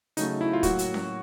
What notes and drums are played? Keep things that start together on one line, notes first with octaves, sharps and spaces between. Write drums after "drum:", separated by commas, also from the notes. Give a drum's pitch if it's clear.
C#3 F#3 A3 D#4, drum: hi-hat
E4
F4
A2 F#3 A#3 F#4, drum: kick, hi-hat
drum: hi-hat
drum: snare C#4